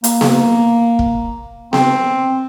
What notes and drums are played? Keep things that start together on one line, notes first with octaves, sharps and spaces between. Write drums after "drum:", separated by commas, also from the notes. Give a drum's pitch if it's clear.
A#3, drum: hi-hat
drum: snare B3
drum: kick
C4, drum: snare B3